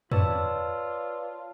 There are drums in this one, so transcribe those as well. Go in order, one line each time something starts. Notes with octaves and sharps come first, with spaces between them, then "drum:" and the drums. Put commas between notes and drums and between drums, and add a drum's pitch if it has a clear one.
F4 B4 C#5 D5 A5 E6, drum: tom